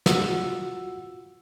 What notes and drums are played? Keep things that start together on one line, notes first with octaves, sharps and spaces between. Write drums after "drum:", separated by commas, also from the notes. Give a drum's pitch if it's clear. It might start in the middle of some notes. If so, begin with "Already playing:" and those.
F4 F#4 F#5 E6, drum: snare